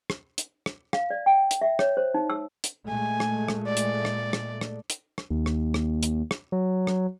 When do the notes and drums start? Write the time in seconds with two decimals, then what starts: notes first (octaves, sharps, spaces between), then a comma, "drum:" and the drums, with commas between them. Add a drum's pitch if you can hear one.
0.10 drum: rim click
0.38 drum: hi-hat
0.66 drum: rim click
0.93 F5, drum: rim click
1.10 D5
1.26 G5
1.51 drum: hi-hat
1.62 E5
1.79 C#5, drum: rim click
1.97 C5
2.14 D#4
2.30 E6
2.64 drum: hi-hat
2.88 A#2 G#3 A3 G#5
3.20 drum: rim click
3.48 drum: rim click
3.66 D5
3.77 drum: hi-hat
4.05 drum: rim click
4.33 drum: rim click
4.61 drum: rim click
4.90 drum: hi-hat
5.18 drum: rim click
5.30 D#2
5.46 drum: rim click
5.74 drum: rim click
6.03 drum: hi-hat
6.31 drum: rim click
6.52 F#3
6.87 drum: rim click